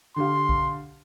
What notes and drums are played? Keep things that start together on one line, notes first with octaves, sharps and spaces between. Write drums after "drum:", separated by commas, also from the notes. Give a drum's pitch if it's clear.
D3 G4 F5 C6
drum: kick B1